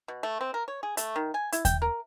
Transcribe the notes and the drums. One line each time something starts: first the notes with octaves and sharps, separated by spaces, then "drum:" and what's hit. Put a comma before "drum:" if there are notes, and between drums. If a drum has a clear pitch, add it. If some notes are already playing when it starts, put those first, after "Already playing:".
B2
A3
C4
A#4
C#5
G#4
A3, drum: hi-hat
D#3
G#5
E4, drum: hi-hat
G5, drum: kick D#2, hi-hat
A#4